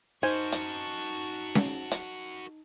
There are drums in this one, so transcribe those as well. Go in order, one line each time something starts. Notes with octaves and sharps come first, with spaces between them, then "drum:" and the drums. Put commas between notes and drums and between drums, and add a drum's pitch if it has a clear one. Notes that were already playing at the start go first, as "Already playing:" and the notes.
D#4 F#4 A#4 C5 G#5 A5 C#6
drum: hi-hat
drum: snare C#4
drum: hi-hat